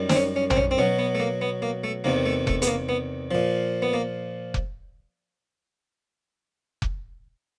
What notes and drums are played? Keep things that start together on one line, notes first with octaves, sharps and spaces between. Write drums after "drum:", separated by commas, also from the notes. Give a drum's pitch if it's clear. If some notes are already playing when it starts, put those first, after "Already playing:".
Already playing: F#2 D#3 G3
C4, drum: snare
C#4
C#4
C4, drum: tom A#1
C#4
C4
B2 F#3 C#4
B3
A3
A#3
B3
A#3
A3
E2 C3 D#3 A#3
A3
A3, drum: kick F1
B3, drum: hi-hat
A#3
B3
A#2 F3
B3
A#3
drum: kick F1
drum: kick F1